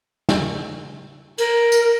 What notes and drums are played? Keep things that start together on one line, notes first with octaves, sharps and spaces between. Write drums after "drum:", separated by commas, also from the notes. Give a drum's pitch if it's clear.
drum: snare
A#4, drum: cymbal
drum: tambourine